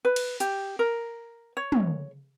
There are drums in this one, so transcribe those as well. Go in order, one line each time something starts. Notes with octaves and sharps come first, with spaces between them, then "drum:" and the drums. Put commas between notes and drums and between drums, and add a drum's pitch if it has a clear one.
B4
drum: cymbal
G4, drum: hi-hat
A#4
C#5
drum: tom